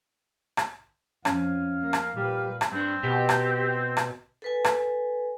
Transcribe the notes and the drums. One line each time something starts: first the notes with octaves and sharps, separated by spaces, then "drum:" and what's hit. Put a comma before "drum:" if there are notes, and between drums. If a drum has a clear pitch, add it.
drum: rim click
F2 C#4 F5, drum: rim click
A#3
drum: rim click
A#2 G3 G4 B4
drum: rim click
G2 C4 D4
B2 G4
drum: rim click
drum: rim click
A4 B4 G#5
drum: rim click